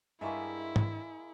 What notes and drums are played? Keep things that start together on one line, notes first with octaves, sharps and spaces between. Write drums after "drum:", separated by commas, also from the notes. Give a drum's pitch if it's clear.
G2 G#3 A#3 E4 G#4 E5 C#6
drum: tom G#2